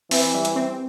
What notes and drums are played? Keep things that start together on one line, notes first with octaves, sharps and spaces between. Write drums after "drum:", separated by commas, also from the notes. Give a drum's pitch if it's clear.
E3 C4, drum: open hi-hat
G3
drum: hi-hat
C4